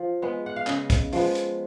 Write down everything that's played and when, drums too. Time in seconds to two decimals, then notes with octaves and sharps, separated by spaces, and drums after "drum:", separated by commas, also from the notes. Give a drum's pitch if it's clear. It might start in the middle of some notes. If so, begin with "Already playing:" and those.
Already playing: F3
0.22 G#3 B3
0.46 F#5
0.56 F5
0.67 C#3 D#5, drum: clap
0.90 drum: kick, hi-hat
1.13 F3 G#3 B3, drum: open hi-hat
1.35 drum: hi-hat